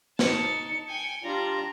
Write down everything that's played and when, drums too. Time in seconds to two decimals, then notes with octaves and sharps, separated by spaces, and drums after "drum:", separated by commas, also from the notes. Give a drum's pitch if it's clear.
0.19 D#4 A5 C#7, drum: snare
0.89 G5 G#5
1.24 G3 D4 F4 A#5 A#6